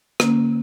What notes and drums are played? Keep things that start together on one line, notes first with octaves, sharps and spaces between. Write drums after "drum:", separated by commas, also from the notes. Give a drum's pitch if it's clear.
D3 A#3 C#4, drum: rim click